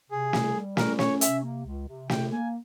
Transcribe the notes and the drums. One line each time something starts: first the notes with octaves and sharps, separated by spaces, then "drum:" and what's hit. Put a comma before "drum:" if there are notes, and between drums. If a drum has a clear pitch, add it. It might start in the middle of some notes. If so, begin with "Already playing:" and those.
C3 G#4
G3, drum: snare
G3
C#4 A#4, drum: snare
C#4 C#5, drum: snare
C3 E5, drum: hi-hat
A#3
C#2
C3
C3 G5, drum: snare
A#3 G#5